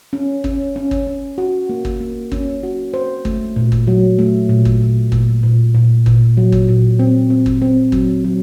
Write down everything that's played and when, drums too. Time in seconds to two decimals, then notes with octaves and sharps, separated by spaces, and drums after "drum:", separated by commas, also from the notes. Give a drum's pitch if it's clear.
0.13 C#4
0.44 C#4, drum: kick
0.76 C#4
0.91 drum: kick
1.07 C#4
1.38 F#4
1.69 A#3
1.85 drum: kick
2.00 A#3
2.32 C#4, drum: kick
2.63 F#4
2.94 C5
3.25 A3, drum: kick
3.56 A#2
3.72 drum: kick
3.87 F#3
4.19 A3
4.49 A#2
4.65 drum: kick
4.81 A#2
5.12 A#2, drum: kick
5.43 A#2
5.75 A#2
6.06 A#2, drum: kick
6.37 F#3
6.52 drum: kick
6.68 A#2
6.99 C4
7.30 C4
7.46 drum: kick
7.62 C4
7.92 F#3, drum: kick
8.24 F#3